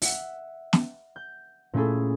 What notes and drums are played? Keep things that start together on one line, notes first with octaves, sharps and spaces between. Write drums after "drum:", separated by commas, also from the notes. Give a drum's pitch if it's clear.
E5 F#5, drum: open hi-hat
drum: snare
G6
A#2 A3 C#4 E4 G#4 A4